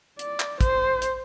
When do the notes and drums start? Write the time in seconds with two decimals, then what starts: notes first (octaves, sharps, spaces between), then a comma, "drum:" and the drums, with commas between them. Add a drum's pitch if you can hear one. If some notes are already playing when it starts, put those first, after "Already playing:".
0.19 D5, drum: hi-hat
0.40 drum: clap
0.61 C5, drum: kick, hi-hat
1.02 drum: hi-hat